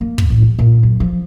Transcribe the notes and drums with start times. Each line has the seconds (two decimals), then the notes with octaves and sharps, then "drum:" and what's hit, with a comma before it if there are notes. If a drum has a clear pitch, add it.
0.01 A#3
0.18 drum: kick
0.30 A2
0.42 C3
0.59 A#2
0.83 F#2
1.00 F3